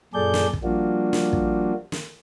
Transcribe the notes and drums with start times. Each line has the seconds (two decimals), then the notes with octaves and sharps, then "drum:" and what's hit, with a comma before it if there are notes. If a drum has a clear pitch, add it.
0.14 F#2 A#2 G#4 A4 D5 G6
0.34 drum: snare
0.53 drum: kick
0.64 F3 G3 A#3 D4 F4 F#4
1.13 drum: snare
1.33 drum: kick
1.92 drum: snare